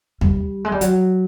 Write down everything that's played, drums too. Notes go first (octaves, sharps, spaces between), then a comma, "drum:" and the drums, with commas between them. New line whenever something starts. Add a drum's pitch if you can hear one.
G3, drum: tom D#2
G#3
G3
F#3, drum: hi-hat